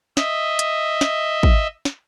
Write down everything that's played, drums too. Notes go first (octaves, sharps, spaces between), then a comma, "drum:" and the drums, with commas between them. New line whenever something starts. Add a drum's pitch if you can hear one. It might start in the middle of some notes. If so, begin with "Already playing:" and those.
D#5 E5, drum: snare
drum: hi-hat
drum: snare
drum: kick
drum: snare